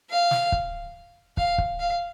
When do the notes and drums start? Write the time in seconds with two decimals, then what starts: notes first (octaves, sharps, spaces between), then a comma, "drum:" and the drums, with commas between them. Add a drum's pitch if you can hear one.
0.10 F5
0.31 drum: snare
0.52 drum: kick
1.37 F5, drum: kick
1.58 drum: kick
1.79 F5